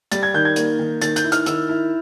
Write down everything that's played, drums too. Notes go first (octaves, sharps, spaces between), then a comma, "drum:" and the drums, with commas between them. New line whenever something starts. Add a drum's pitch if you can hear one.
G3 A6, drum: hi-hat
G#6
D#3 G6
G#6
A#3, drum: hi-hat
D#3
D#3 A6, drum: hi-hat
G6, drum: hi-hat
E4
F6, drum: hi-hat
D#3 E6, drum: hi-hat
E4